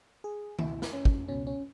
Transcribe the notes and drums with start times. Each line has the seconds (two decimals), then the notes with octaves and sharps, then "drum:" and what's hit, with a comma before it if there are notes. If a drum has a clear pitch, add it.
0.24 G#4
0.59 C#2 B2 E4, drum: tom D#3
0.82 drum: snare
0.93 C#4
1.05 drum: kick
1.28 C#2 B2 C#4
1.47 C#4